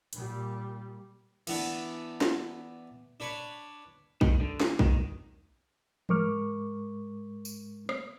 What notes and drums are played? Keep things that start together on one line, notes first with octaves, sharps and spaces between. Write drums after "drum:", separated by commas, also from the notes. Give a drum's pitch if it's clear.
A#2 G3, drum: hi-hat
E3 B3 D4, drum: cymbal
drum: snare
D4 B4 C#5
D#3, drum: kick A#1
D3
D2, drum: snare
D#3, drum: kick A#1
G#2 G#3 A#4 C#6 D6 F6, drum: tom E3
drum: tambourine
drum: rim click